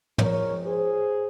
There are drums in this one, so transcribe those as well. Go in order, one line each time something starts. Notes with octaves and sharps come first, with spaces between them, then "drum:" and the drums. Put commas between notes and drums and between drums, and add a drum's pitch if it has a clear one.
F3 G#3 C4 A#4 C#5, drum: tom
G#4 C5